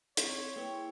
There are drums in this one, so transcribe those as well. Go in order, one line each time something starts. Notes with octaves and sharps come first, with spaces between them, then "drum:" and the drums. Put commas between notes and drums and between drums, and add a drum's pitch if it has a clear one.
C4 C#5, drum: hi-hat
A#3 E4 G#4 B4 G5